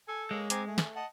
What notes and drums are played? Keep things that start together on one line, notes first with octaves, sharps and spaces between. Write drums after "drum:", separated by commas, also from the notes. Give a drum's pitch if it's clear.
A4 G#5
G#3 A#3 C#4
C4 G#5 A#5 D6, drum: hi-hat
A3 G#4
drum: snare
D#5 F#5 A5